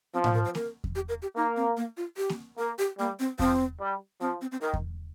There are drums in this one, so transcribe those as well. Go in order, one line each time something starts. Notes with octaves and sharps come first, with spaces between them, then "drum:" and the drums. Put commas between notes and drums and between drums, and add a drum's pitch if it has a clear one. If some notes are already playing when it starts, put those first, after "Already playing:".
F3 C4
A#3, drum: tom A2
A#4
C5
A#4, drum: snare A#3
drum: kick E2
G4
A#4
G4
A#3 D#4
C4
A#3
F4
G4
drum: snare A#3
A#3 A#4
G4
G3 A#3
C4
F3 C4, drum: kick E2
G3
F3 C4
C4
C4
D#3 A#4
drum: kick E2